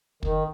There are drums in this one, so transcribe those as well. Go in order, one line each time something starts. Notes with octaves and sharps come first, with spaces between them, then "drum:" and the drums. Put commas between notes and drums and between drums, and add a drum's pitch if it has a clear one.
D#3, drum: kick